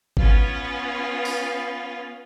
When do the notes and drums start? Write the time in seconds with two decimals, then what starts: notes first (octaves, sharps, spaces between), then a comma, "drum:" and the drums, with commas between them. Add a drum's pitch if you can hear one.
0.17 B3 C#4 F4 B4, drum: kick G1
1.25 drum: open hi-hat